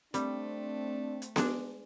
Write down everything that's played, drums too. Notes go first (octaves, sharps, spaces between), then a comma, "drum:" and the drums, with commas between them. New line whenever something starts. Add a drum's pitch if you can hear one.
G3 A3 C4 D4, drum: hi-hat
drum: hi-hat
G#3 D4, drum: snare B3